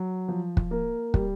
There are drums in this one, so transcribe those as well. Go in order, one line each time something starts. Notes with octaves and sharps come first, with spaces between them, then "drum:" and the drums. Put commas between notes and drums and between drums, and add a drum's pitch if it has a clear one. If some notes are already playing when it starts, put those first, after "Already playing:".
Already playing: F#3
F3
drum: kick
A#3
G3, drum: kick